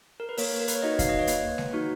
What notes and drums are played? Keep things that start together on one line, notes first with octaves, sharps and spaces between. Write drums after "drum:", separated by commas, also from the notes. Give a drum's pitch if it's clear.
A#4
B4
A#3 A#4 C#5, drum: open hi-hat
A#4
B4, drum: hi-hat
C#5
D#4 F#4 B4 D#5
F5, drum: kick D#2, hi-hat
D#5
C#5
A#3 B4, drum: hi-hat
drum: snare G#3
D#4 F#4